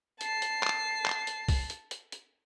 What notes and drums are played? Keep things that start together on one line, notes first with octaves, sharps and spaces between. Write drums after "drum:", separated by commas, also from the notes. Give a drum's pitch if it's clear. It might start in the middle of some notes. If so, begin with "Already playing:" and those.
A5 C7, drum: hi-hat
drum: hi-hat
drum: clap
drum: clap
drum: hi-hat
drum: kick C2, open hi-hat
drum: hi-hat
drum: hi-hat
drum: hi-hat